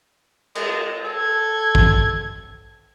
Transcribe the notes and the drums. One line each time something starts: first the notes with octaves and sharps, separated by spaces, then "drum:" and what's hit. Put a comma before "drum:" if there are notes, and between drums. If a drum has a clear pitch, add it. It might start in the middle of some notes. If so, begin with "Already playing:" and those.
G#3, drum: cymbal
A4 G#6
drum: kick